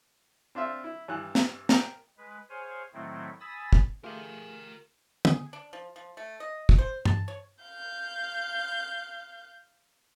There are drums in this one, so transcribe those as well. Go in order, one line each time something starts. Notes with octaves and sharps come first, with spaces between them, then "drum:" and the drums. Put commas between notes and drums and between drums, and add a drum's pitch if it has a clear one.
C4 D4 F4 E5
E4
G2 E3 F#6
drum: snare
A#4 G5, drum: snare
G#3 B4
G#4 C5 C#5 F5 G#5
A2 D#3 F#3 A3 C4 E4
G#5 B5 D#6 E6 A6
drum: kick
A3 F4 G4 G#4 A#4 G5
G#4, drum: tom
D4
F3
F3
A3
D#5
drum: kick
C5
A5, drum: tom G2
C#5
F5 G6